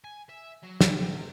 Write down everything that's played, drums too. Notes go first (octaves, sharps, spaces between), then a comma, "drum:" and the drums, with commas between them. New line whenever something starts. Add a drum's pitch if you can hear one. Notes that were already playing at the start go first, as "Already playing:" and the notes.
G#5
E5
F#3
C3, drum: snare